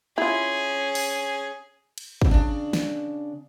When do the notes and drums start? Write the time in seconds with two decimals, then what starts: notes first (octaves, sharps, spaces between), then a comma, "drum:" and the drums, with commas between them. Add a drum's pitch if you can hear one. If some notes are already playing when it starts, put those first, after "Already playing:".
0.18 C#4 E4 F4 G#4
0.95 drum: open hi-hat
1.98 drum: cymbal
2.22 drum: kick
2.31 C#3 D4
2.73 drum: snare